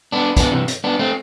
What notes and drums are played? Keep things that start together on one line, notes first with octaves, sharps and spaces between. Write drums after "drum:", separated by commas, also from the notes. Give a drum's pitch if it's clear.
B3 D4
B3 D4, drum: kick, hi-hat
C3 E3
drum: hi-hat
B3 D4
A3 C4